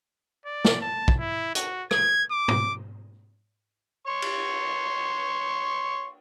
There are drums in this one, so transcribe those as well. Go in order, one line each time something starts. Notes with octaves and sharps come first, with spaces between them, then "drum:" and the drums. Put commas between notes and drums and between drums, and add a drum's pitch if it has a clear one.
D5
drum: snare
A5
drum: kick
E4
F#4, drum: hi-hat
G#6, drum: rim click
D6
drum: tom
C#5 C6 C#6
drum: cymbal